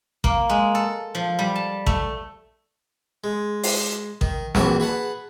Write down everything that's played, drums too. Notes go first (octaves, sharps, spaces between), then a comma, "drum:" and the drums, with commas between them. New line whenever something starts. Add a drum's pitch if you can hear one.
A#3, drum: kick A1
G#3
A4
F3
G3
A5
A3, drum: kick A1
G#3
drum: open hi-hat
D#3, drum: kick A1
A#1 D#3 E3 F#4 A5, drum: snare
G#4 B4 F#5 A5